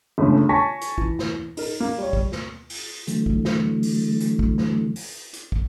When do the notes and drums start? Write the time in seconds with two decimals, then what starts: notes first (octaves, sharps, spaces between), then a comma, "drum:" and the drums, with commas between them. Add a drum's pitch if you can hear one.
0.18 G1 C#2 C#3 A3
0.49 C#5 G#5 A5 C#6 A#6 B6
0.81 drum: hi-hat
0.98 E3, drum: kick
1.19 drum: snare
1.57 D#4 A#4, drum: open hi-hat
1.80 A#3
1.98 G3 C#5
2.13 drum: kick
2.32 drum: snare
2.70 drum: open hi-hat
3.07 D3 E3 F#3 A3, drum: hi-hat
3.26 drum: kick
3.45 drum: snare
3.83 drum: open hi-hat
4.20 drum: hi-hat
4.39 drum: kick
4.58 drum: snare
4.96 drum: open hi-hat
5.33 drum: hi-hat
5.52 drum: kick